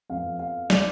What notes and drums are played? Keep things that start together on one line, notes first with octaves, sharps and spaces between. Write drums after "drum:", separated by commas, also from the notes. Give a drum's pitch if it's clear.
F2 F3 B3 F5
F5
D5, drum: snare